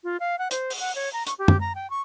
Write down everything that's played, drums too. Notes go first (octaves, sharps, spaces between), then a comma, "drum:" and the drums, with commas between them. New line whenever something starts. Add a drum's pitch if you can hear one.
F4
F5
F#5
C5, drum: hi-hat
drum: open hi-hat
F#5
C#5
A#5
C#6, drum: hi-hat
G4
drum: tom
A#5
G5
C#6